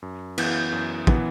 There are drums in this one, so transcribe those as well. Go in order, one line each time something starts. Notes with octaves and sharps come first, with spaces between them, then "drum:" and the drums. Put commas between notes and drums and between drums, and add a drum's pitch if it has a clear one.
F#2
E3 B3, drum: cymbal
F#2
E3 B3, drum: kick